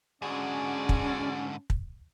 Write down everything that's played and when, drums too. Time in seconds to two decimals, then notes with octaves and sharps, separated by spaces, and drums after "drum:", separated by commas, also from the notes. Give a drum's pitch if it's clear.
0.22 G#2 D3 C#4 F#4 G#4 D5
0.89 drum: kick
1.70 drum: kick